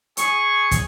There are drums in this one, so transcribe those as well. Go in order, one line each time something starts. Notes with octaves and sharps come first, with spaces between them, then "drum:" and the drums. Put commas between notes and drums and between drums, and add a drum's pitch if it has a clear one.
G#4 C#6, drum: hi-hat
drum: kick, hi-hat